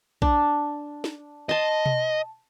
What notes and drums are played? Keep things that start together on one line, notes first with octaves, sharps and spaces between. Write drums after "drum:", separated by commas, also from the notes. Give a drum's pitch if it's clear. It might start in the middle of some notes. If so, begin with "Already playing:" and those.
D4, drum: kick A#1
drum: snare
D#5 A5 C6
drum: tom B2